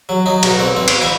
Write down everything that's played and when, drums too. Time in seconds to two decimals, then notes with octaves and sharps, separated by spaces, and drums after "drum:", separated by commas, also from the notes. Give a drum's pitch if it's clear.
0.09 F#3
0.26 F#3 D#4
0.43 B1 F#4, drum: cymbal
0.59 B1 C4
0.76 B1 C4
0.88 drum: cymbal
1.01 E4